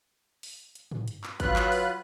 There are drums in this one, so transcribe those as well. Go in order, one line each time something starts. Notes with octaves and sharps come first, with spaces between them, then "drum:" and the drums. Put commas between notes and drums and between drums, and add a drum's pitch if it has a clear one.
drum: open hi-hat
drum: hi-hat
drum: tom
drum: hi-hat
drum: clap
F#3 F4 B4 F#6, drum: kick, hi-hat
drum: clap
drum: open hi-hat